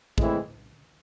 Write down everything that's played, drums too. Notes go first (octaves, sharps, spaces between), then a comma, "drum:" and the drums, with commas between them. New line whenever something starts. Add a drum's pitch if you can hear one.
A2 E3 G#3 C4 E4, drum: kick